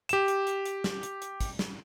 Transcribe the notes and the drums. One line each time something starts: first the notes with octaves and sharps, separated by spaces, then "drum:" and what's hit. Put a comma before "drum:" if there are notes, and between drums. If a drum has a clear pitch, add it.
G4 E7, drum: hi-hat
drum: hi-hat
drum: hi-hat
drum: hi-hat
drum: snare
drum: hi-hat
drum: hi-hat
drum: kick, hi-hat
drum: snare